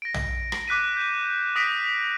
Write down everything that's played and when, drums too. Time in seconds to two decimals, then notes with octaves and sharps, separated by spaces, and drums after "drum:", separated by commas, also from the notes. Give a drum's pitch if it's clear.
0.02 A#6 D7
0.14 drum: tom
0.52 drum: rim click
0.68 D6 F#6 B6 D#7
0.97 G6 E7
1.56 D#6 A#6 B6 D7